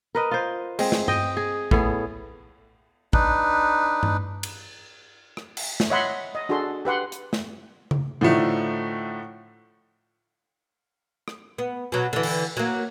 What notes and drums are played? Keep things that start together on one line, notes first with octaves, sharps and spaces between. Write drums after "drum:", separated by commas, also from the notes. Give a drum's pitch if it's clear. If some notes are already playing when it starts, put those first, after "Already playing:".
A#4 B4 D#5
F4 C5
G#3 C4, drum: cymbal
drum: snare
D#5 G5, drum: tom G2
G#4
A2 B3 G#4, drum: kick
D4 D#4 B4, drum: kick
drum: tom G2
drum: cymbal
drum: rim click
drum: cymbal
drum: snare
C#5 D#5 E5 F#5 B5 C6
D#5
D4 F#4 G#4 A4 C6
G4 B4 F#5 C6
drum: hi-hat
drum: snare
drum: tom C#3
A2 D3 F3 A3 D#4
drum: rim click
B3
B2 F#3
D3 E3
drum: cymbal
F#3 A#3